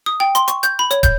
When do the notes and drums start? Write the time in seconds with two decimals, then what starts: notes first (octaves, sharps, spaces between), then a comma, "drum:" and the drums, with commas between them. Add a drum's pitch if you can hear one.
0.06 D#6
0.20 G5
0.35 C6, drum: hi-hat
0.48 C#6, drum: hi-hat
0.63 G6, drum: hi-hat
0.79 B5
0.91 C#5, drum: hi-hat
1.03 G6, drum: kick, hi-hat